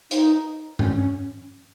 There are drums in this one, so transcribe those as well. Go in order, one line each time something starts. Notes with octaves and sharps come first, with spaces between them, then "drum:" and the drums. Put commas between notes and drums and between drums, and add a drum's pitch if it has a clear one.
D#4, drum: hi-hat
C#4, drum: tom G2
C#4